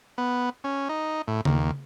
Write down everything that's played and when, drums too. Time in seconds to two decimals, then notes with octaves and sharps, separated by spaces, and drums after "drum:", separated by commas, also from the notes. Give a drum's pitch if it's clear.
0.18 B3
0.64 C#4
0.89 D#4
1.28 A2
1.45 D#2, drum: tom C#3